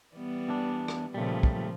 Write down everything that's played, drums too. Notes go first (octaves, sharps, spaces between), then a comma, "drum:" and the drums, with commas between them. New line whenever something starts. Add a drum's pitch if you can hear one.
E3 G3 B3
E2 D4
drum: rim click
A#2 C#3 F3 G3 A3
drum: kick